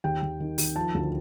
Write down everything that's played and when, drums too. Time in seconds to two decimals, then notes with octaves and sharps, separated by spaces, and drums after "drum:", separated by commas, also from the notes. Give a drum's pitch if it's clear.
0.04 D#2 G5
0.22 D#2
0.40 D#3
0.58 D#3, drum: open hi-hat
0.76 F3 A5
0.94 D2